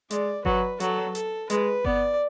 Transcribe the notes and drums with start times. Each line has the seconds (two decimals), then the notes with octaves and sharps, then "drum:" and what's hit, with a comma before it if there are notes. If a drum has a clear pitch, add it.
0.11 G#3 D5, drum: hi-hat
0.45 F#3 B4, drum: kick G1
0.80 F#3 A4, drum: hi-hat
1.15 A4, drum: hi-hat
1.50 G#3 B4, drum: hi-hat
1.85 B3 D5, drum: kick G1